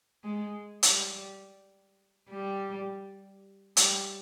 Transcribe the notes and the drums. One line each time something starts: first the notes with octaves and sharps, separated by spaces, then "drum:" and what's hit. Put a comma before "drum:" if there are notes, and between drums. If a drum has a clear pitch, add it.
G#3
G3, drum: hi-hat
G3
G3, drum: hi-hat